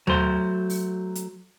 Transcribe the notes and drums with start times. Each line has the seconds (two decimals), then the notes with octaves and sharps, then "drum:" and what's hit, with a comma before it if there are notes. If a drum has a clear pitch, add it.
0.07 F#3 A3 C5, drum: tom D2
0.70 drum: open hi-hat
1.15 drum: hi-hat